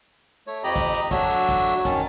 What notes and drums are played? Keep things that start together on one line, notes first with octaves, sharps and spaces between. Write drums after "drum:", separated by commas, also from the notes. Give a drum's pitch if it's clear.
A3 C#5
F2 G4 D#5 A#5 B5
drum: kick, hi-hat
drum: hi-hat
F#3 A3 D4 F#4 C#5 E5, drum: kick, hi-hat
drum: hi-hat
drum: kick, hi-hat
drum: hi-hat
D#3 C#4 A5, drum: kick, hi-hat